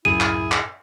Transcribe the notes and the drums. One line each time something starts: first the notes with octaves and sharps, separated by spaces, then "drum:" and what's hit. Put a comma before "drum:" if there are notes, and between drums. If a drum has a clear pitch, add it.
C#2 F#2 A2 E4 G#4 D#7
drum: clap
drum: clap